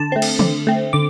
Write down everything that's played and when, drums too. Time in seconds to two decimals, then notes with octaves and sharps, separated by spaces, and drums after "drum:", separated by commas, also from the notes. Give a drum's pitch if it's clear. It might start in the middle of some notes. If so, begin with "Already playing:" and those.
Already playing: D3 A5
0.12 A3 C4
0.22 drum: cymbal
0.39 D3, drum: tom
0.67 A3 C4
0.93 D3 D6